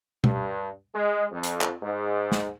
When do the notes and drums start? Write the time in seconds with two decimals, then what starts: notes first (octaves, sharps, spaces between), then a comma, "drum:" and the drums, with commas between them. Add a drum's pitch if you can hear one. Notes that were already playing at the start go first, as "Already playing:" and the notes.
0.24 G2, drum: tom B2
0.95 G#3
1.31 F2
1.43 drum: hi-hat
1.61 drum: clap
1.81 G#2
2.32 drum: snare